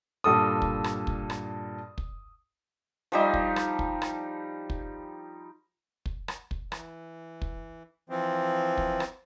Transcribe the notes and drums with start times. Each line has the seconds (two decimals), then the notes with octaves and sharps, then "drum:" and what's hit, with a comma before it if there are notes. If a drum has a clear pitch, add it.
0.24 G2 A#2 A4 D#6
0.62 drum: kick
0.84 drum: rim click
1.07 drum: kick
1.30 drum: rim click
1.98 drum: kick
3.12 F3 G3 D#4
3.34 drum: kick
3.56 drum: rim click
3.79 drum: kick
4.02 drum: rim click
4.70 drum: kick
6.06 drum: kick
6.28 drum: rim click
6.51 drum: kick
6.72 E3, drum: rim click
7.42 drum: kick
8.10 E3 F3 C4
8.78 drum: kick
9.00 drum: rim click